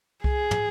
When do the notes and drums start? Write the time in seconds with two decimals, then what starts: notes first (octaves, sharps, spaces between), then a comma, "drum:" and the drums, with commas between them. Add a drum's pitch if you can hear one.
0.24 G#4, drum: kick C2
0.51 drum: tom